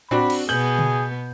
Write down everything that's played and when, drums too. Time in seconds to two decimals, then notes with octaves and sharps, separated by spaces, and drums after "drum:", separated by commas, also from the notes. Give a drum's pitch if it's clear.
0.11 C4 D4 F#4 B5, drum: tom A2
0.30 drum: cymbal
0.49 B2 B3 G#4 G6 F#7
0.79 drum: tom C#3